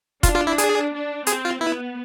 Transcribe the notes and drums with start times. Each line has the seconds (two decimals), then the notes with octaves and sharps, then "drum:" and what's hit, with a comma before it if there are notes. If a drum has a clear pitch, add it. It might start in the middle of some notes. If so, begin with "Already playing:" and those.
0.23 D4 F4, drum: kick F1, hi-hat
0.35 F4
0.47 E4
0.58 G#4, drum: hi-hat
0.93 D4
1.27 C4 G#4, drum: hi-hat
1.45 F4
1.61 B3 E4